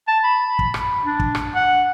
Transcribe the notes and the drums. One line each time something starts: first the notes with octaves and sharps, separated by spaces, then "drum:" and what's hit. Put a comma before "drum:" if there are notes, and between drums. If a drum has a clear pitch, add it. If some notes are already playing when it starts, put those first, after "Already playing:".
A5
B5
drum: kick
drum: rim click
D4
drum: kick
drum: rim click
F#5